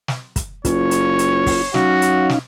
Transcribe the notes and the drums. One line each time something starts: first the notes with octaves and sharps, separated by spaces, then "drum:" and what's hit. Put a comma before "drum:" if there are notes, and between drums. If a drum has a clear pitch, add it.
drum: snare
drum: kick, hi-hat
F#1 F4 C#5, drum: kick, hi-hat
drum: hi-hat
drum: hi-hat
drum: kick, open hi-hat
F#3 C#4 D#4 F#4 F5, drum: snare
drum: hi-hat
drum: snare